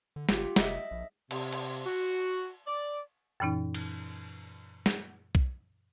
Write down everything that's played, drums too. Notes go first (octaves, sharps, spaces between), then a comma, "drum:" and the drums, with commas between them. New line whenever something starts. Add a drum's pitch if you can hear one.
D3
G1 F4 G4, drum: snare
F1 D#5 E5, drum: snare
A#1
C3, drum: cymbal
drum: cymbal
F#4
D5
F#2 A#2 E3 C#4 D#4
drum: cymbal
drum: snare
drum: kick B1